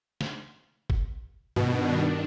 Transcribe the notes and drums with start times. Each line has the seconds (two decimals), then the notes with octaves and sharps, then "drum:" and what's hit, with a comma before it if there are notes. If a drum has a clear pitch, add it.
0.21 drum: snare
0.90 drum: kick
1.56 G2 B2 D#3 D4, drum: tom G2